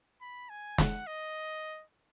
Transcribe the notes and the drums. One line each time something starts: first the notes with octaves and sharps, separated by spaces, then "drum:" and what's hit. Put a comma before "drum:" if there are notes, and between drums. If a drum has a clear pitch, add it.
B5
G#5
F#5, drum: snare
D#5